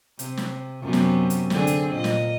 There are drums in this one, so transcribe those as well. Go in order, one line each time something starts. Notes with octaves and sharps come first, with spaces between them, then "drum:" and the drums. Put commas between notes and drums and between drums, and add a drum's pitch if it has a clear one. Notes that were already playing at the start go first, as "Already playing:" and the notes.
C3, drum: hi-hat
drum: snare
F#2 C3 B3
drum: snare
drum: hi-hat
D3 C4 G#4, drum: snare
drum: hi-hat
A#2 D#5
drum: snare